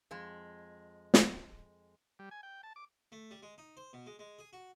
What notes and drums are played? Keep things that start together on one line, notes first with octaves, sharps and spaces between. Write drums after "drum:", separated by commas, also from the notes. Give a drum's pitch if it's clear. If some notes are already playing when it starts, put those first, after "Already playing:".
F2 G#3
drum: snare
G3
G#5
G5
A5
D6
A3
G3
G#3
D#4
C5
B2
G#3
G#3
G#4
F#4